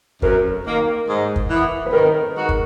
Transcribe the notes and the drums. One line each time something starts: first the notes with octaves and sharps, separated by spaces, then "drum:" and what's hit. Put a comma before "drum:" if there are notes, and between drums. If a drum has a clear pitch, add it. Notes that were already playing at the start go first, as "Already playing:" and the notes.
F#2 A#4, drum: kick
D#3 A#3
G#2
drum: kick
E3
B3
B4
D#3 A#4
G#3 D#4 F#4
drum: kick